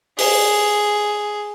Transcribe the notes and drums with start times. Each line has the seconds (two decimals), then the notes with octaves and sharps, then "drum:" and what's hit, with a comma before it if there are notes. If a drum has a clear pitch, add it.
0.18 G#4, drum: open hi-hat